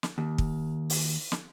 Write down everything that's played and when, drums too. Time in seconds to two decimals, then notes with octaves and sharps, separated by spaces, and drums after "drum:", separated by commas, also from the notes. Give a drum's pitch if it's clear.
0.03 drum: snare
0.18 D#2
0.38 drum: kick
0.90 drum: open hi-hat
1.32 drum: snare